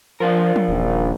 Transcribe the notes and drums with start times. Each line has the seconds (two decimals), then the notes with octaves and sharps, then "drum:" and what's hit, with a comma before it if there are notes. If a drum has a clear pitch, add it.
0.20 F3 D4 F4 A#4
0.56 drum: tom
0.68 D#1 A#1